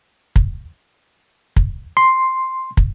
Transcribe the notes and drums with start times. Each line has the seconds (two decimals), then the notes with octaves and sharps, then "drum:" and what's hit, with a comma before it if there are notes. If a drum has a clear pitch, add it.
0.36 drum: kick
1.56 drum: kick
1.97 C6
2.77 drum: kick